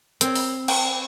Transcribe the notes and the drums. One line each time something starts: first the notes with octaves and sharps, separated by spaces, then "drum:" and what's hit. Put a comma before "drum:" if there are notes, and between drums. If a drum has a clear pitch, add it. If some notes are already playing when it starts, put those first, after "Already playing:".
C4 A#4 C#5, drum: hi-hat
drum: open hi-hat
G5, drum: cymbal